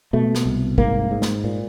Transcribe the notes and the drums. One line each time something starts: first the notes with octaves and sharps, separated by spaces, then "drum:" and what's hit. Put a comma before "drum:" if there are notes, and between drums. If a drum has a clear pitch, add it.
B2 A3
drum: snare
C2
G#2 A#3, drum: kick
G#2
drum: snare
A#2